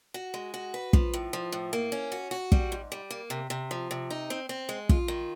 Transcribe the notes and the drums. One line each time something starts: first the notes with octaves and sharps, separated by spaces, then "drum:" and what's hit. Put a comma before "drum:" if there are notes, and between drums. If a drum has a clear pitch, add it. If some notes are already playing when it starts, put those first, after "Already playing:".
F#4
G#3
F#4
B4
F3, drum: kick
A2
F3
A2
A#3
C#4
F#4
F#4
G3, drum: kick
G#2
G3
A#3
C3
C3
F3
C3
D#4
C4
C4
G#3
F4, drum: kick
D#3